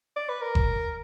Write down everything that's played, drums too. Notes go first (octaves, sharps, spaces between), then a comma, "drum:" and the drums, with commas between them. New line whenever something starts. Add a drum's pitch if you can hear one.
D5
B4
A#4
drum: kick F#1